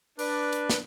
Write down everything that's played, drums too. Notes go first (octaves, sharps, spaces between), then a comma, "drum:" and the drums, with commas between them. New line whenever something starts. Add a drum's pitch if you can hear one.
D4 B4, drum: open hi-hat
drum: hi-hat
drum: snare